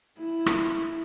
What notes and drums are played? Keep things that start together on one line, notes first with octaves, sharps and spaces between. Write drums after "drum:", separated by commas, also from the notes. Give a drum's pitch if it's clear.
E4
drum: rim click